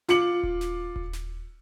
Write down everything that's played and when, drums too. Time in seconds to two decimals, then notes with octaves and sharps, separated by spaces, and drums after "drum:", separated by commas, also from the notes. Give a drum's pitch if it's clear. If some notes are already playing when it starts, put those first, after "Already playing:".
0.08 F4 D6 C#7 F#7, drum: snare
0.43 drum: kick D#1
0.61 drum: snare
0.96 drum: kick D#1
1.13 drum: snare